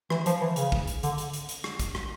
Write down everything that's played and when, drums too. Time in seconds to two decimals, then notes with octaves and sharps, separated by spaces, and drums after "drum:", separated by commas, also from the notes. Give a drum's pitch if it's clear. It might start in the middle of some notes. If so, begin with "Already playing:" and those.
0.10 E3, drum: rim click
0.26 F3, drum: hi-hat
0.41 E3
0.56 C#3, drum: hi-hat
0.72 drum: kick
0.87 drum: hi-hat
1.03 D3, drum: hi-hat
1.18 drum: hi-hat
1.33 drum: hi-hat
1.49 drum: hi-hat
1.64 drum: rim click
1.80 drum: kick, hi-hat
1.95 drum: rim click